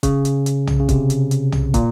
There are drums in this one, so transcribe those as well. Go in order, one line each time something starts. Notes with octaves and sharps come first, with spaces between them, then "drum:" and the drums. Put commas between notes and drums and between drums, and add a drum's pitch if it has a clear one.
C#3, drum: kick, hi-hat
drum: hi-hat
drum: hi-hat
drum: tom
C#3
C3, drum: kick, hi-hat
drum: hi-hat
drum: hi-hat
drum: tom
A#2, drum: kick, hi-hat